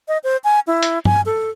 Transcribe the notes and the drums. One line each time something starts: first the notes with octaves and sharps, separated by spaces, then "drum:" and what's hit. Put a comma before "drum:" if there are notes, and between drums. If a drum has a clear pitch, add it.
D#5
C5
G#5
E4
drum: hi-hat
G#5, drum: tom G2
A4